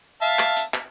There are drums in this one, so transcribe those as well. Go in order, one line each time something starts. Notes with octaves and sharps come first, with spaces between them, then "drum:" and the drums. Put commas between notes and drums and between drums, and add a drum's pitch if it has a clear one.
E5 F5 A5
drum: clap
drum: hi-hat
drum: clap